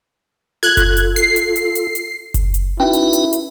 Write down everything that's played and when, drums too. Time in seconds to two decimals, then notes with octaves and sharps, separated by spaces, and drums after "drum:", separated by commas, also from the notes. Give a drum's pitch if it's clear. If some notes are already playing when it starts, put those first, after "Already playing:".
0.63 F4 A4 F#6 G#6
0.77 drum: kick F#1, hi-hat
0.97 drum: hi-hat
1.16 C7, drum: hi-hat
1.36 drum: hi-hat
1.56 drum: hi-hat
1.75 drum: hi-hat
1.95 drum: hi-hat
2.34 drum: kick F#1, hi-hat
2.54 drum: hi-hat
2.80 C#4 D#4 E4 F#4 B4
2.93 drum: hi-hat
3.13 drum: hi-hat
3.33 drum: hi-hat